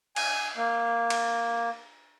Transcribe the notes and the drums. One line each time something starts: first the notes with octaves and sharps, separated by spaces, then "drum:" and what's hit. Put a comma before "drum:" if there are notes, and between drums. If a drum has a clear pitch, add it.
G#5, drum: cymbal
A#3
drum: cymbal